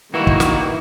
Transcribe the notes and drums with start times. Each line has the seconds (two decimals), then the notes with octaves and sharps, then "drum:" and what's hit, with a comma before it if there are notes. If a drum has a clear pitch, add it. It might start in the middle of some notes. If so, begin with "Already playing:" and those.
0.14 D#3 E3 G3 A#3 D#4 E4 F#4
0.27 drum: kick
0.40 drum: snare